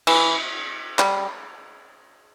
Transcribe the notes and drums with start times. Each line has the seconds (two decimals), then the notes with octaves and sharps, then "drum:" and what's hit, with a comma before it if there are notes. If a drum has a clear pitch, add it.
0.07 E3, drum: cymbal
0.99 G3, drum: clap